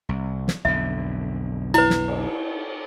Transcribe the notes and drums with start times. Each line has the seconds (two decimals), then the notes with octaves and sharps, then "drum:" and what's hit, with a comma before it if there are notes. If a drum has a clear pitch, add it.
0.09 C2
0.48 drum: snare
0.65 B1 F2 D3 E5
1.74 E4 B4, drum: cymbal
1.90 drum: snare
2.08 drum: cymbal